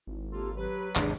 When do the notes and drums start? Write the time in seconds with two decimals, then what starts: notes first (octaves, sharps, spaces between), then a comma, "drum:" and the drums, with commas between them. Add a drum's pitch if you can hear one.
0.07 G#1 E4
0.33 A#3 F4 G4 A4
0.57 F#3 G4 B4
0.96 G#1 E2 C3 D4 G#4, drum: clap